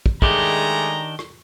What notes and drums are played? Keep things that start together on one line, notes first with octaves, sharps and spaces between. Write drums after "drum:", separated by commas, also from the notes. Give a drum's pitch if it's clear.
drum: kick
D#3 G#3 A3 D4 G4 G#4 A#5, drum: kick
drum: rim click